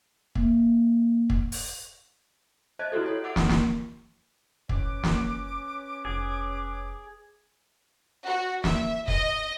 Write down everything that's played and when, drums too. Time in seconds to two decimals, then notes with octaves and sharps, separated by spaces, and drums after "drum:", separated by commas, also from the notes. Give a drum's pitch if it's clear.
0.35 A#3, drum: kick
1.30 drum: kick
1.52 drum: open hi-hat
2.79 C5 D#5 E5 A5 F#6 G#6
2.92 E4 F#4 G4 A4
3.06 A4 C#5
3.24 E5 F#5 D6 E6 A6 D7
3.36 C4 E4, drum: snare
3.49 drum: snare
4.69 F#1 C#4 B4 D6, drum: kick
5.04 drum: snare
6.05 F1 G#4
8.26 F#4
8.64 E5, drum: snare
9.08 D#5, drum: kick